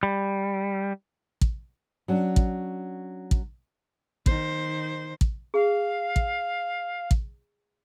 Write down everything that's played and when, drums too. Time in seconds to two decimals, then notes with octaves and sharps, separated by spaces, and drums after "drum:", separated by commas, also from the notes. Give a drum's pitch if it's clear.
0.03 G3
1.41 drum: kick
2.08 F#3 C#4 D4
2.36 drum: kick
3.31 drum: kick
4.26 D#3 C5, drum: kick
5.21 drum: kick
5.54 G#4 F5
6.16 drum: kick
7.11 drum: kick